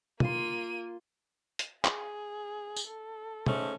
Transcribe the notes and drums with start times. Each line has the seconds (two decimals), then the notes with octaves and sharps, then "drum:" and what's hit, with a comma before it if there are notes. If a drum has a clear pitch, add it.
0.20 A#3 F4 C6 D#7, drum: tom
1.59 drum: hi-hat
1.85 G#4, drum: clap
2.76 drum: tambourine
2.88 A4
3.46 G#2 A3 C#4, drum: tom